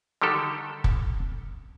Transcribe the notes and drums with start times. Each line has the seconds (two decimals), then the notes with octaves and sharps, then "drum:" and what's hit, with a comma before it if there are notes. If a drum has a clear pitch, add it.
0.22 D3 D#3 G3 G4 A4
0.84 drum: kick